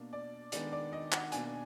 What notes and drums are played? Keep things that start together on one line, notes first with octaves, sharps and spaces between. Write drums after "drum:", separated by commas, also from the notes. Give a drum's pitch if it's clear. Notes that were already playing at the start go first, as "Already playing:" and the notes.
Already playing: B2 A#3 D4
D5
D#3 G#3 B3 D4 D5, drum: hi-hat
D5
D#5
F#5, drum: clap
B2 A#3 D4 G#5, drum: hi-hat